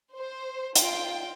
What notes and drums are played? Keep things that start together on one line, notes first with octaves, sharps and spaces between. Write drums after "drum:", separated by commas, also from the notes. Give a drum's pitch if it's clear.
C5
F4 G5, drum: hi-hat